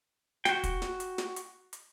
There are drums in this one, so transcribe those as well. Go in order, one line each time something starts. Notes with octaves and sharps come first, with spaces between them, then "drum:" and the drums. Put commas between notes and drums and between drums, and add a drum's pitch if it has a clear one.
F#4 G5, drum: snare
drum: kick, hi-hat
drum: snare
drum: hi-hat
drum: snare
drum: hi-hat
drum: hi-hat